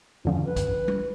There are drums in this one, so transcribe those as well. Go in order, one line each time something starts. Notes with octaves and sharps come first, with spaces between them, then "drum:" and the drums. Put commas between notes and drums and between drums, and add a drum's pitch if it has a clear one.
F2 D3 F3 C#4
B4
drum: kick, hi-hat
drum: tom